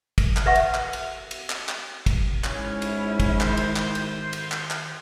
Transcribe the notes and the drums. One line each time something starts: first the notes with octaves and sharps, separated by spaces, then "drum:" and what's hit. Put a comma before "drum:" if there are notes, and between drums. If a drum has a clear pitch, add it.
drum: kick, cymbal
drum: clap
B4 E5 F#5 C#6
drum: cymbal
drum: clap
drum: cymbal
drum: cymbal
drum: clap
drum: clap
drum: kick, cymbal
G#2 C#4 E4, drum: clap
drum: cymbal
drum: kick, cymbal
D#3 C5 G6, drum: clap
drum: cymbal
drum: clap
drum: cymbal
drum: cymbal
drum: clap
drum: clap